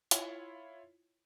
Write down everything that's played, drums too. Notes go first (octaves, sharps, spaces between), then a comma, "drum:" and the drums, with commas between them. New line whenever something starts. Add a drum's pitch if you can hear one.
E4 F4 C#5, drum: hi-hat